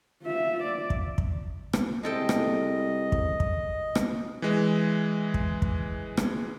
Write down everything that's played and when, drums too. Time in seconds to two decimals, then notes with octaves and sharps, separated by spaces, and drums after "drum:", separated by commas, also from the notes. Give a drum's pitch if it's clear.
0.23 F4 E5
0.62 D5
0.90 drum: kick
1.18 drum: kick
1.73 drum: rim click
2.03 C2 G#3 A4 D#5 G5
2.29 drum: rim click
3.12 drum: kick
3.40 drum: kick
3.95 drum: rim click
4.42 E3 G#3
5.34 drum: kick
5.62 drum: kick
6.17 drum: rim click